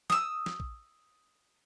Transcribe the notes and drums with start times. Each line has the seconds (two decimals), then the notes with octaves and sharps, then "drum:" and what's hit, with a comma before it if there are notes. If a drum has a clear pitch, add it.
0.10 D#6 E6, drum: snare
0.46 drum: snare
0.60 drum: kick A#1